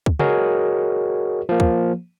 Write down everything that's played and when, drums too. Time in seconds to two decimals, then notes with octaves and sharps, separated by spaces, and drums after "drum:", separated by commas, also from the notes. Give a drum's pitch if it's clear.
0.06 drum: kick
0.19 F#4 G#4 A#4 C#5 D#5, drum: tom
1.49 F3 A#3
1.60 drum: kick